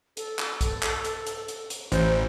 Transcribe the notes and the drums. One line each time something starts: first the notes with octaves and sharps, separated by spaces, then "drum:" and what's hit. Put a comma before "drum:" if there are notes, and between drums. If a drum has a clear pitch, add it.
A4, drum: hi-hat
drum: clap
drum: kick C2, hi-hat
drum: clap
drum: hi-hat
drum: hi-hat
drum: hi-hat
drum: hi-hat
A1 C5, drum: hi-hat